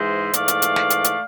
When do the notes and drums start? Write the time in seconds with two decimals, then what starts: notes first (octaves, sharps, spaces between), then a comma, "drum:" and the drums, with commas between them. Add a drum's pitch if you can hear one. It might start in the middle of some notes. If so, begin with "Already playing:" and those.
Already playing: G#2 E3 G#3 C5 E5
0.34 G#2 E3 A3 D5 F5, drum: hi-hat
0.48 drum: hi-hat
0.62 drum: hi-hat
0.76 drum: snare
0.90 drum: hi-hat
1.04 drum: hi-hat